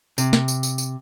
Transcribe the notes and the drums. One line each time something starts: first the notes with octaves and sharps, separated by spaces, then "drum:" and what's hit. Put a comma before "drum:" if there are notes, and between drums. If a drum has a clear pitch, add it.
C3, drum: tambourine
drum: snare
drum: tambourine
drum: tambourine
drum: tambourine